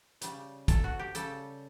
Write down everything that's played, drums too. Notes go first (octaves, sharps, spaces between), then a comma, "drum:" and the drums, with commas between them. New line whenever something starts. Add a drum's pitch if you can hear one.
C#3 G3, drum: hi-hat
A4, drum: kick, hi-hat
F#4
G4
C#3 G3 A4, drum: hi-hat